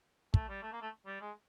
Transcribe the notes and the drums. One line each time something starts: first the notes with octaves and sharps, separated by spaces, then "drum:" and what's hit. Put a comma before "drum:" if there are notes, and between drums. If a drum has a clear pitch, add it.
A3, drum: kick
G3
A3
A#3
A3
G3
G#3